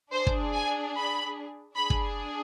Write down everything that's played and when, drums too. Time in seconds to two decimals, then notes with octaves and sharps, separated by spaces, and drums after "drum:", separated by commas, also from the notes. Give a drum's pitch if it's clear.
0.13 D4 G#4 C5
0.27 drum: kick
0.54 G#5
0.95 B5
1.77 D4 G#4 B5
1.90 drum: kick